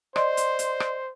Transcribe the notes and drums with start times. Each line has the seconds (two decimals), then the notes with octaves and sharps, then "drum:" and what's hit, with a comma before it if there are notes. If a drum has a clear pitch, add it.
0.16 C5 D5 D#5 C6, drum: rim click
0.37 drum: hi-hat
0.59 drum: hi-hat
0.80 drum: rim click